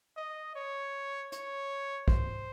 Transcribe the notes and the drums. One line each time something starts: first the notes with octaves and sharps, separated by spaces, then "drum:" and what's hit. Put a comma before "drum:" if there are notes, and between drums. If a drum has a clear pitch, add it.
D#5
C#5
C#5, drum: hi-hat
C5, drum: kick